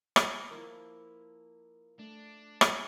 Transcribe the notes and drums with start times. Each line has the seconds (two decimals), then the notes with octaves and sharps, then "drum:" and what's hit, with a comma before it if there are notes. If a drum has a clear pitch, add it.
0.16 drum: rim click
0.51 F3 A#3 E4 A#4
1.99 A3 D4
2.61 drum: rim click